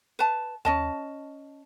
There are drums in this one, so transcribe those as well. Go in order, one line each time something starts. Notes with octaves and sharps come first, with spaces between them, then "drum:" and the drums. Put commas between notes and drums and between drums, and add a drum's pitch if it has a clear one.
B4 A5
C#4 D#5 A5, drum: tom D#2